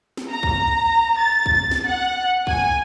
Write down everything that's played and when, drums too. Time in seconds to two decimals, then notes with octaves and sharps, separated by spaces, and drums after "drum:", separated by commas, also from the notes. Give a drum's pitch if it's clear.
0.17 drum: snare
0.28 A#5
0.43 drum: kick
1.20 A6
1.46 drum: kick
1.71 drum: snare
1.87 F#5
2.47 G#5, drum: kick